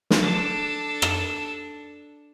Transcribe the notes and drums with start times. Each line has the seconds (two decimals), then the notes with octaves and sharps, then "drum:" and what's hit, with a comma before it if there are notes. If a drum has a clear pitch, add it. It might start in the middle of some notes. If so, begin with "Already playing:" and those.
0.10 drum: snare
0.22 D4 A4
1.02 drum: rim click